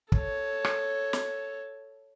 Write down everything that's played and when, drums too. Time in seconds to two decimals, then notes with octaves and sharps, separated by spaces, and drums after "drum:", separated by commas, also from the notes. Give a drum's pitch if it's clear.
0.12 A4 C#5, drum: kick
0.65 drum: rim click
1.13 drum: snare